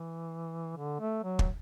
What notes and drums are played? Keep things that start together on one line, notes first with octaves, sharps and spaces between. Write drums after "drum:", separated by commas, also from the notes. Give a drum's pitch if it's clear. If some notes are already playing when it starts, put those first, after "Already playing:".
Already playing: E3
D3
A3
F#3
drum: kick